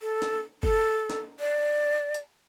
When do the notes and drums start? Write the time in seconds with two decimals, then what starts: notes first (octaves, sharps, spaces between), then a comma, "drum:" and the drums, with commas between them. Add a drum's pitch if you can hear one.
0.01 A4
0.22 drum: snare
0.63 A4, drum: kick
1.10 drum: snare
1.40 D5
2.14 drum: hi-hat